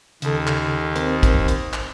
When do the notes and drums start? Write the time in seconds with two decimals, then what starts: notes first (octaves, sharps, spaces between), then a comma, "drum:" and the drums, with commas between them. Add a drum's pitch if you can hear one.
0.22 D#2 C#3 A4, drum: hi-hat
0.47 drum: clap
0.96 C4 A#4 C5, drum: hi-hat
1.23 drum: kick, hi-hat
1.48 drum: hi-hat
1.73 drum: clap